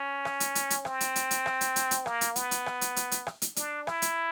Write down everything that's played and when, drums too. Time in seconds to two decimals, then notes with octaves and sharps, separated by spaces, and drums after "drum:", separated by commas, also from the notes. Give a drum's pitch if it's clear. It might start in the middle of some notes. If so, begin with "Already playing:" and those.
Already playing: C#4
0.25 drum: rim click
0.40 drum: hi-hat
0.55 drum: hi-hat
0.70 drum: hi-hat
0.85 C4, drum: rim click
1.01 drum: hi-hat
1.16 drum: hi-hat
1.31 drum: hi-hat
1.46 drum: rim click
1.61 drum: hi-hat
1.76 drum: hi-hat
1.91 drum: hi-hat
2.06 A#3, drum: rim click
2.21 drum: hi-hat
2.36 B3, drum: hi-hat
2.51 drum: hi-hat
2.66 drum: rim click
2.81 drum: hi-hat
2.96 drum: hi-hat
3.11 drum: hi-hat
3.27 drum: rim click
3.42 drum: hi-hat
3.56 D4, drum: hi-hat
3.87 E4, drum: rim click
4.02 drum: hi-hat